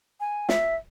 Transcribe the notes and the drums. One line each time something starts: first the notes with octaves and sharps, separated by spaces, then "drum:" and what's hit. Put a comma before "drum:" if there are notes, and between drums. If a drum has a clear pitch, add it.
G#5
E5, drum: snare